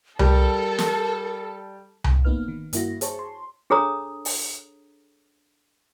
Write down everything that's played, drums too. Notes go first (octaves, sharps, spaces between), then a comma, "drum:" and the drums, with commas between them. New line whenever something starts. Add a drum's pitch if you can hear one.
G3 A4 A#4, drum: tom C2
drum: snare
A2, drum: tom C2
G1 A#3 B3 D#4 B4 F6
D#3
G2 A#3 E4 F#4 A#6, drum: hi-hat
G#4 C5 C#5 A5 C#6, drum: hi-hat
C6
D4 G#4 A4 C#5 A#5 D#6
drum: open hi-hat